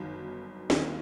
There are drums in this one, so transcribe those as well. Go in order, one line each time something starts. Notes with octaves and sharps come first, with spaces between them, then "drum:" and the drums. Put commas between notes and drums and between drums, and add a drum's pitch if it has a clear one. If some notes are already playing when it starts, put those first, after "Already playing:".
Already playing: G1 F#2 D#3
D#2 D#3 F#3 A#3, drum: snare